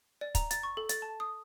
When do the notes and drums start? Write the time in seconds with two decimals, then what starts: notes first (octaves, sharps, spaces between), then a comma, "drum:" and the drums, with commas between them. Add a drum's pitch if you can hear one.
0.21 D5
0.35 A#5, drum: kick, hi-hat
0.51 A6, drum: hi-hat
0.63 C#6
0.77 A4
0.89 A6, drum: hi-hat
1.02 A5
1.20 D#6